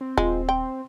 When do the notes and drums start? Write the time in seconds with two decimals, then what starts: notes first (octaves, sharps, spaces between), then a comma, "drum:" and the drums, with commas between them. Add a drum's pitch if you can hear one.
0.01 C4
0.17 G#3 F4, drum: kick D#1
0.49 G5 C6